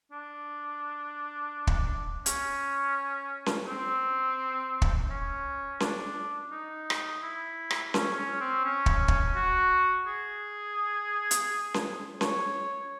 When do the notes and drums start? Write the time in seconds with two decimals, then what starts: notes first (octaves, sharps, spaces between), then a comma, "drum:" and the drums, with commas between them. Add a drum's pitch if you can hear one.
0.12 D4
1.67 drum: kick
2.26 C#4, drum: hi-hat
3.46 drum: snare C#4
3.67 C4
4.82 drum: kick
5.10 C#4
5.80 D4, drum: snare C#4
6.51 D#4
6.90 drum: rim click
7.22 E4
7.70 drum: rim click
7.94 C#4, drum: snare C#4
8.17 C#4
8.41 C4
8.65 C#4
8.86 drum: kick
9.08 drum: kick
9.36 F#4
10.07 G#4
11.31 drum: hi-hat
11.74 drum: snare C#4
12.21 C#5, drum: snare C#4